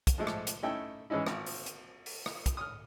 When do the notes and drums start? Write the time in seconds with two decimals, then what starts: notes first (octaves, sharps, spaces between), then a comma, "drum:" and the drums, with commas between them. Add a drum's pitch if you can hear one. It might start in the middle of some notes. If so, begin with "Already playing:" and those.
0.07 drum: kick, hi-hat
0.18 F3 G#3 A3
0.27 drum: rim click
0.47 drum: hi-hat
0.63 A3 C#4 D#4 E4 G5
1.10 E3 G#3 C#4 D#4 E4
1.26 G#1, drum: rim click
1.46 drum: open hi-hat
1.66 drum: hi-hat
2.06 drum: open hi-hat
2.26 drum: rim click
2.46 drum: kick, hi-hat
2.57 D#6 F6